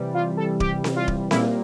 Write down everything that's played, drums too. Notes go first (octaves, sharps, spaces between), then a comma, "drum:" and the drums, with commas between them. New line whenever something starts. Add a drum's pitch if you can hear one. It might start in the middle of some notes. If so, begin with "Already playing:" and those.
Already playing: C3 E3 G3
F4
A4
G4, drum: kick D1
drum: snare C4
F4
drum: kick D1
A#2 G3 A#3 E4, drum: snare C4